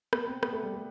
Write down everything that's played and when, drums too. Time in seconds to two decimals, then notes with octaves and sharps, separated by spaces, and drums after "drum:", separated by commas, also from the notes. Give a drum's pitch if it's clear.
0.13 B3, drum: rim click
0.27 C4
0.43 B3, drum: rim click
0.53 A3
0.64 G3
0.74 A3